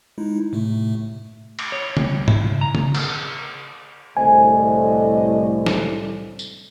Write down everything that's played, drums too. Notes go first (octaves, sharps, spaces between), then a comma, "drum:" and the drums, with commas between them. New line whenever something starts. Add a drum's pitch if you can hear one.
G#3 D#4 E4
A2 C3 A3
drum: cymbal
C#5
C2, drum: tom
E4, drum: tom G#2
C#3
A#5
C#3, drum: tom
drum: cymbal
C2 A2 D3 A3 C5 D#5 G#5
drum: snare
drum: tambourine